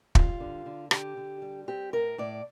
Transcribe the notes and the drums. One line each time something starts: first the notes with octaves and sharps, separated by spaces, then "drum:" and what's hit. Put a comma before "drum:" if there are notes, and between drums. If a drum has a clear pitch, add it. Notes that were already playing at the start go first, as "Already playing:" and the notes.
G3 F4, drum: kick
D3
D3
D3 G4, drum: rim click
D3
G3
C4 G4
A2 A#4
A2 D5